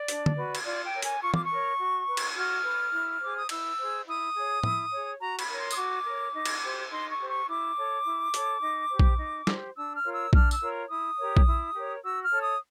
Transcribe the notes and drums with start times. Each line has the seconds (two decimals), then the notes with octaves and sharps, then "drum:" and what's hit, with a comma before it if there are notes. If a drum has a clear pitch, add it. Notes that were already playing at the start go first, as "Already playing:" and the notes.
Already playing: D5
0.08 D4, drum: hi-hat
0.26 drum: tom D3
0.36 F#4 B4
0.55 drum: cymbal
0.64 F4 D5
0.84 G5
0.93 A#4 C#5
1.02 G#5, drum: hi-hat
1.22 F4 C#6
1.34 D6, drum: tom
1.44 C#6
1.51 A#4 C#5
1.79 F#4
2.07 B4
2.17 drum: cymbal
2.35 F#4 F6
2.64 B4
2.93 E4
3.21 G#4 C5 D6
3.36 D#6
3.49 E4 E6, drum: cymbal
3.78 G#4 C5
4.07 E4 D#6
4.35 G#4 C#5
4.63 E4, drum: tom A2
4.92 G#4 C#5
5.20 F#4 A#5
5.39 B5, drum: cymbal
5.49 A#4 C#5
5.59 C6
5.71 D#6, drum: tambourine
5.76 F#4 D6
6.05 A#4 C#5
6.34 D#4
6.45 drum: cymbal
6.63 G4 C5
6.90 D#4 C6
7.09 C#6
7.20 G4 C5
7.29 C#6
7.48 E4 D6
7.77 A4 C#5
8.05 E4
8.34 A4 C#5, drum: hi-hat
8.62 D#4
8.90 G4 C5
9.00 drum: kick A#1
9.19 D#4
9.47 G4 C5, drum: snare
9.75 D4 E6
9.95 F6
10.04 F4 A#4 C#5
10.14 E6
10.33 D4 F6, drum: kick A#1
10.51 E6, drum: tambourine
10.62 F4 A#4 C#5
10.89 E4 D#6
11.18 G4 A#4 C#5
11.37 drum: kick A#1
11.47 E4
11.75 G4 A#4 C#5
12.03 F#4 E6
12.22 F6
12.31 A4 C#5
12.41 D#6